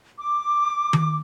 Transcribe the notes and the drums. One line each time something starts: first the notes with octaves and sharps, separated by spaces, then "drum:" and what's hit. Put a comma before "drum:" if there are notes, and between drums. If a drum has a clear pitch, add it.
D6
drum: tom D#3